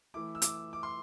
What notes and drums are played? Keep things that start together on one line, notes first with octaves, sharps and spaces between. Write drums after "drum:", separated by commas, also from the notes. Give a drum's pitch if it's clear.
E3 A3 E4 D6
E6
D6, drum: hi-hat
D6
C6